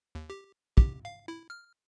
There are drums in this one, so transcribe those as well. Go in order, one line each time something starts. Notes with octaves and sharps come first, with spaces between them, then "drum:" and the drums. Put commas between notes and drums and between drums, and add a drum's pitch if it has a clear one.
D#2
G4
G4, drum: kick
F5
E4
F6